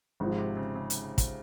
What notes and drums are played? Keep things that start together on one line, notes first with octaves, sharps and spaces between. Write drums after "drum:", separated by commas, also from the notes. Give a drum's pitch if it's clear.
G#1 G#2 C3 F3
C3
C#3
C#3
drum: hi-hat
drum: kick, hi-hat